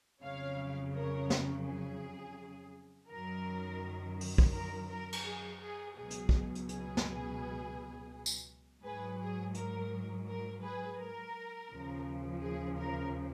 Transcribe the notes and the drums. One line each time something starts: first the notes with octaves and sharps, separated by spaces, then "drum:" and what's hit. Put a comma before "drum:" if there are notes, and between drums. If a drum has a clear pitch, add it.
F2 C#3 F#3 C#5 F5
A#4 C#5
drum: snare
G#4
F#2 D#3 F#3 A#4
drum: open hi-hat
drum: kick
A#4
A#4
drum: cymbal
G#4
G#4
C#2 B2 F#3 G#4
drum: hi-hat
drum: kick
drum: hi-hat
G#4 B4, drum: hi-hat
drum: snare
drum: tambourine
G#2 F#3 G#4 B4
G#4
A#4, drum: hi-hat
A#4
G#4 B4
A#4
D#2 C#3 F3
G#4
A#4